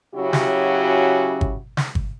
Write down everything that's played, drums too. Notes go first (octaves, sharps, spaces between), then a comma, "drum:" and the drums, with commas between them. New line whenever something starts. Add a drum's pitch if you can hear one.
C#3 F#3 C#4 E4 F#4 G4
drum: snare
drum: kick G1
drum: snare
drum: kick G1